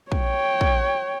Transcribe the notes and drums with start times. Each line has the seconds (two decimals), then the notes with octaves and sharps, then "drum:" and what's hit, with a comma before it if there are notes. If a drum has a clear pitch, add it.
0.12 C#5 G5, drum: kick
0.61 drum: kick